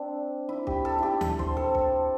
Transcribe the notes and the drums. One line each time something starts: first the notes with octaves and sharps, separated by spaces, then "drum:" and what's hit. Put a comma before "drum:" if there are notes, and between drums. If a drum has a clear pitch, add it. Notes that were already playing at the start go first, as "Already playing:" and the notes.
Already playing: C4 D4
E4
G4, drum: kick
A4
E4 G4
A4, drum: tom D2
C5, drum: kick
A4
drum: kick